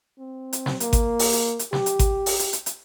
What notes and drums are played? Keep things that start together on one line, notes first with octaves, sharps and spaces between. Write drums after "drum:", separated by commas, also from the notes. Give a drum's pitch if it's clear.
C4
drum: hi-hat
drum: snare
A#3, drum: hi-hat
drum: kick G#1, hi-hat
drum: open hi-hat
drum: hi-hat
drum: hi-hat
G4, drum: snare
drum: hi-hat
drum: kick G#1, hi-hat
drum: open hi-hat
drum: hi-hat
drum: hi-hat
drum: hi-hat